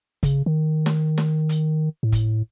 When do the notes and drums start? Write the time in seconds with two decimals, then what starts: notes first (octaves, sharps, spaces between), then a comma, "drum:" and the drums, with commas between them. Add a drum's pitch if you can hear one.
0.23 C#3, drum: kick, hi-hat
0.46 D#3
0.86 drum: snare
1.18 drum: snare
1.49 drum: hi-hat
2.03 A2
2.12 drum: kick, hi-hat